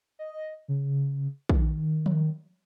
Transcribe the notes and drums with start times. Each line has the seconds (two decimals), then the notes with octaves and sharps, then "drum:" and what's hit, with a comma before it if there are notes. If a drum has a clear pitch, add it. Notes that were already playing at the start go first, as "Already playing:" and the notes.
0.19 D#5
0.68 C#3
1.49 D#3, drum: kick
2.06 drum: tom F3